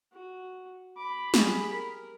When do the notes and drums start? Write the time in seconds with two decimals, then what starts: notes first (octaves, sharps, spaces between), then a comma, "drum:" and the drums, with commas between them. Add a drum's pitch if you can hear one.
0.13 F#4
0.97 B5 D6
1.34 G4 G#4, drum: snare
1.73 A#4